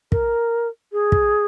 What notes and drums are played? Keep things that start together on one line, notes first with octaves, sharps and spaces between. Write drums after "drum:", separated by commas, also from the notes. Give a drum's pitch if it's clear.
A#4, drum: kick
G#4
drum: kick